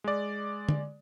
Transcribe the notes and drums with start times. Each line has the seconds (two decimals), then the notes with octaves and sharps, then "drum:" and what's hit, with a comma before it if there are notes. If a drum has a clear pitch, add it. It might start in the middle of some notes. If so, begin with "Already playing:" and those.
0.04 G#3 D5
0.69 drum: tom D3